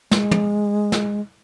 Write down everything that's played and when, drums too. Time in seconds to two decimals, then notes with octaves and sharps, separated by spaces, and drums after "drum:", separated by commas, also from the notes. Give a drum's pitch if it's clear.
0.11 G#3, drum: snare
0.31 drum: tom
0.92 drum: snare